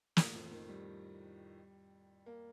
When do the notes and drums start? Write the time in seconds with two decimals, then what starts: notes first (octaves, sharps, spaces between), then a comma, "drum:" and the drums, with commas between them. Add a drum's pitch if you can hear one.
0.17 A2, drum: snare
0.35 F2
0.51 D#3
0.69 G3
2.26 A#3